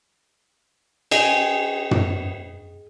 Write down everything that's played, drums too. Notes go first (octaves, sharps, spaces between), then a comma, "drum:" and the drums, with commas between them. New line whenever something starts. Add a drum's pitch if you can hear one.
G#4 D#5 G5 G#5, drum: cymbal
drum: tom